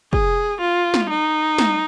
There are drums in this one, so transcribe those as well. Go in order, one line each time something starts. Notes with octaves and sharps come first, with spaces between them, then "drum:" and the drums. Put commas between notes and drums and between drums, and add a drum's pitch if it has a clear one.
G#4, drum: kick
F4
drum: snare
D#4
drum: snare